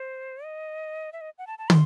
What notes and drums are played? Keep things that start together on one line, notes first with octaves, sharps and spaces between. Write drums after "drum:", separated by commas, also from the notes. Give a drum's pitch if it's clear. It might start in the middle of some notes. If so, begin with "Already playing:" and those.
Already playing: C5
D#5
E5
D#5
F#5
A5
A5
C6, drum: tom